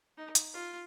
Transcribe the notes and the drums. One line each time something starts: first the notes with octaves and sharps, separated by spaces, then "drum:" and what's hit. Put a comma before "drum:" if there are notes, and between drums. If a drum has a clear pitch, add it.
D#4
drum: hi-hat
F4